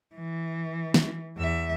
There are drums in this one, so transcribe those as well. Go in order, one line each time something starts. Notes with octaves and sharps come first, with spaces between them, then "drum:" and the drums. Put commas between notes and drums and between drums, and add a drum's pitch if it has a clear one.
E3
drum: snare
E2 E5